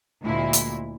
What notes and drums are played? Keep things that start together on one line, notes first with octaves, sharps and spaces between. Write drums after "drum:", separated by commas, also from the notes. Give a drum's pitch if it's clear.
D2 A#2 G#3 E4
drum: hi-hat